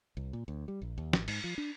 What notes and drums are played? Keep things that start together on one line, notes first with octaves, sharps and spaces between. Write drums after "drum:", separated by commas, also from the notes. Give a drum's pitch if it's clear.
C2
A#2
D2
G3
A#1
D#2
G#1, drum: snare
G#2, drum: cymbal
F3
D4